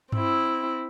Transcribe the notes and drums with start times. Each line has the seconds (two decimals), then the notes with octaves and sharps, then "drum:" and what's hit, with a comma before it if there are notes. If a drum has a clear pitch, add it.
0.12 C4 E4, drum: tom G2